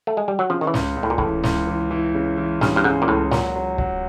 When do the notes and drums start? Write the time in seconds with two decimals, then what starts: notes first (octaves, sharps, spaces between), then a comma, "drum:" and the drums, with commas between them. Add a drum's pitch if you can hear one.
0.07 A3
0.17 G#3
0.28 G3
0.39 F#3
0.50 C#3 F3
0.61 D#3
0.67 E3
0.74 C#2, drum: snare
0.97 C#2
1.03 A2
1.10 A#2
1.18 A2 E3, drum: kick
1.43 C#2, drum: snare
1.67 E3
1.91 E3
2.15 C#3
2.38 E3
2.61 G2 C#3, drum: snare
2.76 G2
2.84 G#2 C#3
3.02 A#2
3.08 C#2 A2
3.31 A#2 F#3, drum: snare
3.56 F#3
3.78 F#3, drum: kick